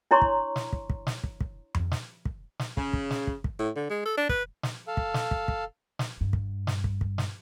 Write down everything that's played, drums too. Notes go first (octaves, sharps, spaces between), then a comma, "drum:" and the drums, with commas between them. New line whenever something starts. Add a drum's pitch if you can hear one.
D4 E4 C#5 A#5 C6 C#6
drum: kick
drum: snare
drum: kick
drum: kick
drum: snare
drum: kick
drum: kick
drum: tom F2
drum: snare
drum: kick
drum: snare
C#3, drum: kick
drum: kick
drum: snare
drum: kick
drum: kick
A2
D3
G#3
A4
D4
B4, drum: kick
drum: snare
A4 F5
drum: kick
drum: snare
drum: kick
drum: kick
drum: snare
G2
drum: kick
drum: snare
drum: kick
drum: kick
drum: snare